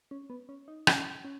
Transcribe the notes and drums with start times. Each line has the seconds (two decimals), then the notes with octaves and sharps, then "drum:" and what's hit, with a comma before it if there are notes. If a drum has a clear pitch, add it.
0.11 C#4
0.30 B3
0.49 C#4
0.68 D#4
0.87 C#4, drum: rim click
1.25 C#4